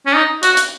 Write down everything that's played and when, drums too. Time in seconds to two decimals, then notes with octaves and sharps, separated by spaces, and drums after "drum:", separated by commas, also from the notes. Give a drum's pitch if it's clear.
0.06 C#4
0.15 D#4
0.43 F#4, drum: hi-hat
0.57 drum: hi-hat